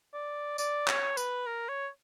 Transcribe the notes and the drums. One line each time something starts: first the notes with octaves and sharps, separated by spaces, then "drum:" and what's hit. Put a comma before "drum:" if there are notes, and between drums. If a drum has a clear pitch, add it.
D5
D5, drum: tambourine
C#5, drum: clap
B4, drum: tambourine
A#4
C#5